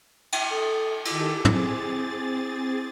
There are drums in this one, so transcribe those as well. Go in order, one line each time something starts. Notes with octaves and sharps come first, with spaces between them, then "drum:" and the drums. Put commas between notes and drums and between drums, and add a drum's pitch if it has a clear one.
drum: cymbal
A4 D#6
D#3 E4 G4 A4 D6, drum: cymbal
C4 G#4 A6, drum: tom